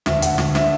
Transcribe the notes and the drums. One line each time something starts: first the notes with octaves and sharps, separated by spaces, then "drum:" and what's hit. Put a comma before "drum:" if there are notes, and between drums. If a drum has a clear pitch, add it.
D2 E5, drum: snare
D2 F#5, drum: hi-hat
D2, drum: snare
D3 E5, drum: snare